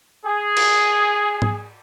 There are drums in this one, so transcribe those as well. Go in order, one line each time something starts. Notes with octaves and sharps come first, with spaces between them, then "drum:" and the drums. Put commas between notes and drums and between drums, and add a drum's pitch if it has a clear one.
G#4
drum: cymbal
drum: tom G#2